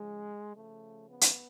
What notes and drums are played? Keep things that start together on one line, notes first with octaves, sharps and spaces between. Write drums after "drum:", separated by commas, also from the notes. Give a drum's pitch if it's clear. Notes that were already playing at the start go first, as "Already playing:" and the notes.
Already playing: C#3 F3 G#3
C#3 F3 A3
B3
drum: hi-hat